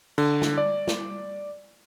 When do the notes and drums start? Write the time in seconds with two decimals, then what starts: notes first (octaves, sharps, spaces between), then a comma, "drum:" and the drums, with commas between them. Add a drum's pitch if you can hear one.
0.18 D3, drum: cymbal
0.42 drum: snare
0.58 D5
0.87 drum: snare